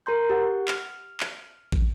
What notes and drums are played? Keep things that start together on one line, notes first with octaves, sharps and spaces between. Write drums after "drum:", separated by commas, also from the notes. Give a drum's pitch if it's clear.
A#4 A#5 C6 G6
G4 F#5
F6, drum: clap
drum: clap
drum: kick